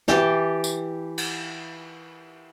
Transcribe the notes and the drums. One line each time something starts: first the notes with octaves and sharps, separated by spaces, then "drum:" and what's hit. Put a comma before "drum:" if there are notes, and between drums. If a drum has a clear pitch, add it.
E3 G4 G5 A5, drum: snare
drum: tambourine
drum: cymbal